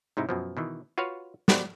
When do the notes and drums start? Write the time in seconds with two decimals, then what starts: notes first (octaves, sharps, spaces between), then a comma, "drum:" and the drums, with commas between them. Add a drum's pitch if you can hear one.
0.17 G#2 C3 D#4 E4
0.29 F#2 B2 F3
0.57 B2 D#3 E3
0.98 F4 F#4 B4 C#5 F5
1.48 B3 F#4 G4 B4 C5 D5, drum: snare